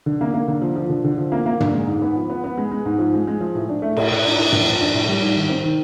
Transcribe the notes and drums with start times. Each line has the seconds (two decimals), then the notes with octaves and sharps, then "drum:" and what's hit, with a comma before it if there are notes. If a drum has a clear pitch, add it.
0.06 D3
0.21 A#3
0.34 A#3
0.48 D3
0.62 F3
0.76 F3
0.89 D3
1.04 D3
1.18 F3
1.32 A#3
1.46 A#3
1.60 D3, drum: tom
1.73 G#3
1.87 G#2
2.02 B3
2.16 F3
2.30 B3
2.44 B3
2.57 G#3
2.71 G#3
2.85 G#2
2.99 F3
3.14 G#3
3.27 G#3
3.41 F3
3.55 A2
3.69 D4
3.82 A3
3.97 A2, drum: cymbal
4.11 A2
4.25 D4
4.38 A2
4.52 F3, drum: tom
4.67 F3
4.80 D4
4.94 A2
5.08 G3
5.22 G#2
5.36 D#3
5.50 C4
5.64 D#3